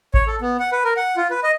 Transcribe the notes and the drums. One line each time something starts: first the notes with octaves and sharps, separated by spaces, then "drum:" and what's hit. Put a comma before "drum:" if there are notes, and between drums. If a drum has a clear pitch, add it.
C#5, drum: kick A1
A4
B3
F#5
B4
A#4
F#5
F4
B4
D#5